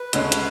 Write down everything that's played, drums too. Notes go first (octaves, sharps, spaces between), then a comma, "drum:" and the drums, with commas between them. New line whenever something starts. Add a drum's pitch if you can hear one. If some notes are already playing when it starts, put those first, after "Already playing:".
Already playing: B4
D2 D3 G#3 C#4, drum: hi-hat
drum: hi-hat